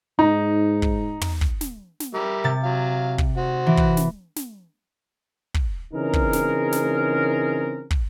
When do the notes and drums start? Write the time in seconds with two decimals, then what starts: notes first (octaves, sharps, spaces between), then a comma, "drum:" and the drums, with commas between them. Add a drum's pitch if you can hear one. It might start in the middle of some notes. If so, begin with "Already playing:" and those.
0.19 G#2 D#4
0.82 drum: kick
1.21 drum: tom
1.41 drum: kick
1.61 drum: snare
2.00 drum: snare
2.14 G3 A#4 E5
2.44 C3 A6
2.63 F#3 F5
3.18 drum: kick
3.37 F#4 C5
3.66 E3
3.77 drum: kick
3.97 drum: snare
4.36 drum: snare
5.54 drum: kick
5.94 C#3 E3 C4 D#4 G#4 A#4
6.13 drum: kick
6.33 drum: snare
6.72 drum: snare
7.91 drum: kick